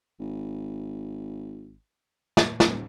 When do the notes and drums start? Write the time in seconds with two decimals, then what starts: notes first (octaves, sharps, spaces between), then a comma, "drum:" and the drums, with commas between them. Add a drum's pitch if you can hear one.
0.20 G#1
2.37 drum: snare
2.60 D#1, drum: snare